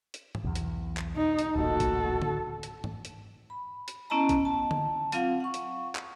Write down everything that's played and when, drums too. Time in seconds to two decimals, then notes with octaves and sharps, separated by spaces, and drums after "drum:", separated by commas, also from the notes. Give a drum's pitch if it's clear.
0.14 drum: hi-hat
0.35 drum: tom G#2
0.44 B1 E2
0.55 drum: hi-hat
0.97 drum: clap
1.16 D#4
1.39 drum: hi-hat
1.56 D1 A1 A#2 F#4 A4
1.80 drum: kick A1, hi-hat
2.22 drum: tom D3
2.63 drum: hi-hat
2.84 drum: tom G#2
3.05 drum: hi-hat
3.50 B5
3.88 drum: hi-hat
4.10 B3 C#4 E4 D#5 A5 A#5
4.29 drum: kick A1, hi-hat
4.45 A5
4.71 drum: tom D3
5.12 F#3 C4 F4 F5 F#5, drum: hi-hat
5.40 F#5 C#6
5.54 drum: hi-hat
5.95 drum: clap